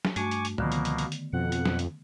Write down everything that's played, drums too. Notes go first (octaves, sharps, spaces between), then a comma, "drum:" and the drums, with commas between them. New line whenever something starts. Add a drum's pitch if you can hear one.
drum: snare
G2 A3 F#4 G#5 C#6 D6, drum: hi-hat
drum: hi-hat
drum: hi-hat
C#2 B2 D3 D#3 F3 A#3 B3, drum: tom
drum: hi-hat
drum: hi-hat
drum: hi-hat
drum: hi-hat
F2 B2 F#5
drum: hi-hat
drum: snare
drum: hi-hat